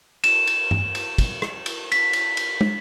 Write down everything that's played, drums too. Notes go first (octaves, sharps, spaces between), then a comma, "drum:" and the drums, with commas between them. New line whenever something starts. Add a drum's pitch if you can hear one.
E7, drum: cymbal
drum: cymbal
drum: tom G2
drum: cymbal
drum: kick, cymbal
drum: rim click
drum: cymbal
B6, drum: cymbal
drum: cymbal
drum: cymbal
drum: tom